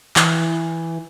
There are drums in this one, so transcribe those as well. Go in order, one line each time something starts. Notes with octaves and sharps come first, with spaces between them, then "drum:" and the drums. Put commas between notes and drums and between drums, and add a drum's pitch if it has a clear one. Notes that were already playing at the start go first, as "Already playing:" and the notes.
E3, drum: clap